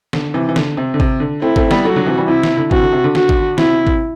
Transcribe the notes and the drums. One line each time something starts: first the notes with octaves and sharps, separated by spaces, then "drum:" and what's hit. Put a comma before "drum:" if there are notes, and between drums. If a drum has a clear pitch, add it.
D3, drum: snare
C3 E3
E3
D3, drum: snare
C3
D3
C3, drum: kick
D3
A3 C4 E4
A3 C4, drum: kick
G3 B3, drum: snare
F#3 A3 F#4
D3 F#3
C3 E3
E3 G3
C3 E4
C3, drum: snare
D3
C3 E3 F#4, drum: kick
D3
C3
D3
F#4, drum: snare
drum: kick
C3 E4, drum: snare
drum: kick